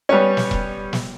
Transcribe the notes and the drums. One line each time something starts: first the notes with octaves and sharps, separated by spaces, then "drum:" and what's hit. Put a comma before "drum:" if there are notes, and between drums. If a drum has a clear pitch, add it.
G3 B3 C#4
drum: snare
drum: kick E1
drum: snare